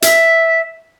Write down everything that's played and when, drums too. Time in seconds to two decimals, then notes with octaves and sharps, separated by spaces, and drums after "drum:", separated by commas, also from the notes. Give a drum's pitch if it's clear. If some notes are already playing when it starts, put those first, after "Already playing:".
0.02 E5, drum: hi-hat